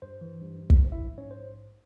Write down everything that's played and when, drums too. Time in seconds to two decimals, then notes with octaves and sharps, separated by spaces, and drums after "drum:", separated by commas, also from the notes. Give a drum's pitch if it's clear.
0.02 G2 C5
0.21 E3
0.41 G2
0.60 G2
0.70 drum: kick
0.79 A#1
0.92 E4 E5
0.99 A#1
1.18 G#2 C#4 C#5
1.31 C5